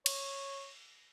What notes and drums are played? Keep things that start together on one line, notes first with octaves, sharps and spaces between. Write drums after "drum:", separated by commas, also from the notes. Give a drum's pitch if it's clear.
C#5, drum: cymbal